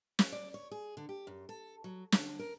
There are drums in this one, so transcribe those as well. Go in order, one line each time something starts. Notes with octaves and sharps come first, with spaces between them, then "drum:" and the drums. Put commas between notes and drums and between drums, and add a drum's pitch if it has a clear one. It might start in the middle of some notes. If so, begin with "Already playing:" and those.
drum: snare
D5
C#5
G#4
D3
G4
F#2
A4
F#3
D3, drum: snare
A#4